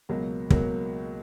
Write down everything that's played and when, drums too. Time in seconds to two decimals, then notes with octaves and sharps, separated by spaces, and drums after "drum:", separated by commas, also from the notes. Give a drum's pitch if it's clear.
0.09 C#2 B2 F#3 A#3
0.50 C#2 B2 F#3 A#3, drum: kick